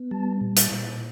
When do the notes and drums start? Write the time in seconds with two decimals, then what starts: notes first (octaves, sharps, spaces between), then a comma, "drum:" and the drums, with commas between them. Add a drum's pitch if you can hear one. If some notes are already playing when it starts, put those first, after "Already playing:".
Already playing: B3
0.11 G3 A5
0.41 A#2
0.57 drum: hi-hat
0.72 A#2